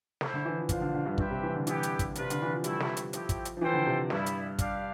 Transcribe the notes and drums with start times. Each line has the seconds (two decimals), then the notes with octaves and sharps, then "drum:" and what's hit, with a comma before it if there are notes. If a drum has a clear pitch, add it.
0.21 E4 A4 C5, drum: snare
0.34 D3
0.45 E3
0.57 F3
0.69 F3 D4 F4 C5 F5, drum: kick, hi-hat
0.81 D3
0.94 D3
1.06 G2
1.18 G2 C4 G4 B4 E5 G5, drum: kick
1.30 C3
1.43 E3
1.55 D3
1.67 E3 B3 E4 G4, drum: hi-hat
1.83 drum: hi-hat
1.99 drum: kick, hi-hat
2.15 C3 D4 F4 B4, drum: hi-hat
2.30 D3, drum: hi-hat
2.42 E3
2.52 F3
2.64 G3 A3 C4 E4, drum: hi-hat
2.80 drum: snare
2.97 drum: hi-hat
3.13 F3 A3 C4 E4 G4, drum: hi-hat
3.29 drum: kick, hi-hat
3.45 drum: hi-hat
3.57 F3
3.61 E3 E4 A4 C5 G5
3.74 D3
3.86 C3
4.10 G2 G3 B3 E4, drum: snare
4.26 drum: hi-hat
4.59 D4 G4 D5 F5, drum: kick, hi-hat